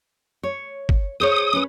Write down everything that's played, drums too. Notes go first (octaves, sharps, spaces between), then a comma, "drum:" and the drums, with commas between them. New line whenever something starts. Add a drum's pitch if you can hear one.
C#5
drum: kick
G#4 C5 C#5 D#6
C#4 B4